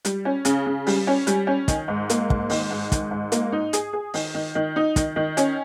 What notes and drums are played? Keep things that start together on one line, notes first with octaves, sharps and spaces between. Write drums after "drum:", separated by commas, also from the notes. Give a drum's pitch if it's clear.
G3, drum: hi-hat
C#4
C#3, drum: hi-hat
C#3
G3, drum: open hi-hat
C#4
G3, drum: hi-hat
C#4
D#3, drum: kick, hi-hat
G#2
A#3, drum: hi-hat
G#2, drum: kick
D#3, drum: open hi-hat
G#2
D#3, drum: kick, hi-hat
G#2
A#3, drum: hi-hat
D#4
G#4, drum: hi-hat
G#4
D#3, drum: open hi-hat
D#3
D#3
D#4
D#3, drum: kick, hi-hat
D#3
C#4, drum: hi-hat